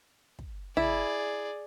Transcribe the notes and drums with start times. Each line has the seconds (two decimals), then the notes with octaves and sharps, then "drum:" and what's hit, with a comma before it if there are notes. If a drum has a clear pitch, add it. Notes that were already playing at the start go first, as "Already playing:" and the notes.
0.39 drum: kick
0.77 E4 G#4 D5, drum: tom